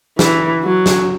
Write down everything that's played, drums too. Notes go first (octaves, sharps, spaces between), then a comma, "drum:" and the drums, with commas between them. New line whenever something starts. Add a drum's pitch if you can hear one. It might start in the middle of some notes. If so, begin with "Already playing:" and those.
E3, drum: snare
F#3
drum: snare